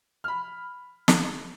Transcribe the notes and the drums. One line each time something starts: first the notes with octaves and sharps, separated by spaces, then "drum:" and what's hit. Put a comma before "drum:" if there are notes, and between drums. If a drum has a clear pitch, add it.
B5 F6
drum: snare